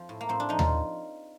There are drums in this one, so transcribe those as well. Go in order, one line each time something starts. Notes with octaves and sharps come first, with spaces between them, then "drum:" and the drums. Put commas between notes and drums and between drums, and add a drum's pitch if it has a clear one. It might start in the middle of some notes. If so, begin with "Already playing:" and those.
Already playing: F2 F3
A2
A#3
A2 C4
D4
F3 D#4
F4, drum: tom D#2